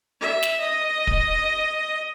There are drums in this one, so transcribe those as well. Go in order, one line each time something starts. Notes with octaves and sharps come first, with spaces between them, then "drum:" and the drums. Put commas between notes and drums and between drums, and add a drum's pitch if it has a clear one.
E5
drum: snare
D#5
drum: kick